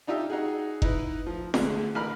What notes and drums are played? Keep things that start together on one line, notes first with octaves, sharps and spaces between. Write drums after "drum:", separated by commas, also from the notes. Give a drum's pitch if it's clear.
D4 D#4 F4 G4 E5
D#4 F#4 G#4
D#4 E4 B4, drum: kick F#1
F3
D2 D3 G#3 A3, drum: snare
A1 D3 A#4 B5 F6